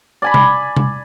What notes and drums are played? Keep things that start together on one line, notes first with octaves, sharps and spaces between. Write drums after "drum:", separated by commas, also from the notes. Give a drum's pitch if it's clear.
D5 G#5 B5
drum: tom C3
drum: tom C3